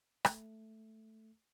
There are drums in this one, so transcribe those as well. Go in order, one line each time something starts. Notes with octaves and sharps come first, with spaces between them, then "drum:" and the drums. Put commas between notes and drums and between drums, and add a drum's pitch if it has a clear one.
A3, drum: rim click